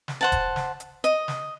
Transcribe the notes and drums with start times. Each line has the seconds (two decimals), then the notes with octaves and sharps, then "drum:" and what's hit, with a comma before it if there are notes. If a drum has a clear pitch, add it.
0.08 drum: snare
0.21 C5 F#5 A5
0.32 drum: kick E1, hi-hat
0.56 drum: snare
0.80 drum: hi-hat
1.04 D#5, drum: hi-hat
1.28 drum: snare